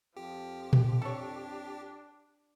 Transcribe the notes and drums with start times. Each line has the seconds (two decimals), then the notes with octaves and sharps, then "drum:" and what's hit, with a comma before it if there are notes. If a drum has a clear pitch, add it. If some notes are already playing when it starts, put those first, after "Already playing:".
0.17 F2 F3 G4
0.73 drum: tom A#2
1.02 D4 A4 C#5